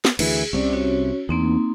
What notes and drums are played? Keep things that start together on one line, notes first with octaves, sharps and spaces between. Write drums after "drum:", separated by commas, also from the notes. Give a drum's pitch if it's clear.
drum: snare
D2 E3 G#4, drum: cymbal
C2 C3 C#4 D5
C#4 F#4 C#5
E2 A#3 C4 D#4